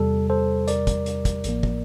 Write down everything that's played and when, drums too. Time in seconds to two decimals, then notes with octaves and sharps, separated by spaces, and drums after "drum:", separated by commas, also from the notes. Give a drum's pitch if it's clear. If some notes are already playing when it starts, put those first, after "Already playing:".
Already playing: E2 C3 G3 A4
0.30 A4 C5
0.68 A#4 D5, drum: hi-hat
0.87 drum: kick, hi-hat
1.06 drum: hi-hat
1.25 drum: kick, hi-hat
1.44 A1 A2 F3 A#3, drum: hi-hat
1.63 drum: kick